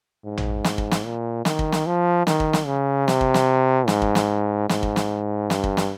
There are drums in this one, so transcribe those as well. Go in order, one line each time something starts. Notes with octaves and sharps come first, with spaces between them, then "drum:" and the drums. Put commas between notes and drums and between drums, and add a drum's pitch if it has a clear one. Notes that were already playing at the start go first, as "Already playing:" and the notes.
G#2
drum: tom A1
drum: snare
drum: kick
drum: snare
A#2
D#3, drum: snare
drum: kick
drum: snare
F3
D#3, drum: snare
drum: kick
drum: snare
C#3
C3, drum: snare
drum: kick
drum: snare
G#2, drum: snare
drum: kick
drum: snare
G#2, drum: snare
drum: kick
drum: snare
G2, drum: snare
drum: kick
drum: snare